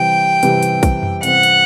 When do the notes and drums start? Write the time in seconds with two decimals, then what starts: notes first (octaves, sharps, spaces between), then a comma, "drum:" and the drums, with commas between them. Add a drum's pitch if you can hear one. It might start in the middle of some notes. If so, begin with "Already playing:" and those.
Already playing: C3 E3 G3 C4 G5
0.43 C3 E3 G3 C4, drum: hi-hat
0.63 drum: hi-hat
0.83 drum: kick, hi-hat
1.03 drum: tom F2
1.23 C3 E3 G3 C4 F#5, drum: hi-hat
1.43 drum: hi-hat